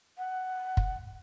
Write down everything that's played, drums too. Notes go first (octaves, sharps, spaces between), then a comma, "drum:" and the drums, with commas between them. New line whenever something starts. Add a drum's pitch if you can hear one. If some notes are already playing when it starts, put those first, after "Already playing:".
F#5
drum: kick